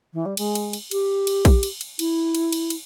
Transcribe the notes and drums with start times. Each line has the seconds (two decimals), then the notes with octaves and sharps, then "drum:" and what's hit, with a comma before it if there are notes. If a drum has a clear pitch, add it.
0.13 E3
0.25 G3
0.37 G#3, drum: cymbal
0.55 drum: cymbal
0.73 drum: cymbal
0.91 G4, drum: cymbal
1.27 drum: cymbal
1.45 drum: kick A#1, cymbal
1.63 drum: cymbal
1.81 drum: cymbal
1.99 E4, drum: cymbal
2.35 drum: cymbal
2.52 drum: cymbal
2.70 drum: cymbal